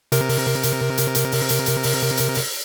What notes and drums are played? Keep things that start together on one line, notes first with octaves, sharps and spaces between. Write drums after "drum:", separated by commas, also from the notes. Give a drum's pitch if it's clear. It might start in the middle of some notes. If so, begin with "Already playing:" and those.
C3 A#4, drum: hi-hat
drum: open hi-hat
drum: hi-hat
drum: hi-hat
drum: hi-hat
drum: open hi-hat
drum: hi-hat
drum: hi-hat
drum: open hi-hat
drum: hi-hat
drum: open hi-hat